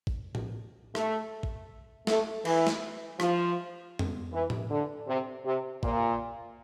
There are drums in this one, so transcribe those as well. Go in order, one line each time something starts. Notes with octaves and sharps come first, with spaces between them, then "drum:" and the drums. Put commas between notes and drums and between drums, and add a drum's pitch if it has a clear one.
drum: kick
drum: tom A2
A3, drum: rim click
drum: kick
A3, drum: snare
E3, drum: cymbal
drum: snare
F3, drum: rim click
drum: tom F2
E3
drum: tom A2
D3
C3
C3
A#2, drum: kick